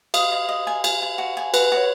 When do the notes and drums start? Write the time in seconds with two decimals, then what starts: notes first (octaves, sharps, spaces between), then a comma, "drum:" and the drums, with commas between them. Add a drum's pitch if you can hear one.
0.14 D#5 F5, drum: cymbal
0.32 D#5
0.49 D#5
0.67 G#5
0.84 G#5, drum: cymbal
1.02 G#5
1.18 F#4
1.37 G#5
1.54 F#4 B4, drum: cymbal
1.72 F#4
1.77 C#5